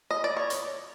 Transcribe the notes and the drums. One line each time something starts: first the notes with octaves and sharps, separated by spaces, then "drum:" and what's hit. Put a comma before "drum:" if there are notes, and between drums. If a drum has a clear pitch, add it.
D#5
D5
C#5
drum: hi-hat